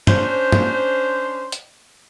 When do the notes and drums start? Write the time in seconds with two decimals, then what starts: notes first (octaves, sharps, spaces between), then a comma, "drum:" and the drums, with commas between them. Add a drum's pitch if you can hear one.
0.07 C#4 D4 C5, drum: tom G2
0.52 drum: tom G2
1.52 drum: hi-hat